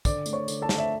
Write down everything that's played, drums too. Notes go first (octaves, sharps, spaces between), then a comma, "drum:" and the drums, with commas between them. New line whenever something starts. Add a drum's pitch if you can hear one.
D3 D5 D6, drum: kick, tambourine
A3, drum: tambourine
C#5 C#6
D3, drum: tambourine
A4 A5
A3, drum: snare
E5